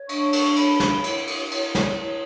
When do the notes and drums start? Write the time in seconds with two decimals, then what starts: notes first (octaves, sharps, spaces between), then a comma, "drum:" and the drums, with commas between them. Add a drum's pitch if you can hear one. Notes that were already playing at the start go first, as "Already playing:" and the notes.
Already playing: C#5
0.09 D4 C#6, drum: cymbal
0.33 drum: cymbal
0.56 C#5 B5, drum: cymbal
0.80 drum: snare
1.04 E4, drum: cymbal
1.27 drum: cymbal
1.51 E4 C#5, drum: cymbal
1.75 drum: snare
1.98 E4 C#5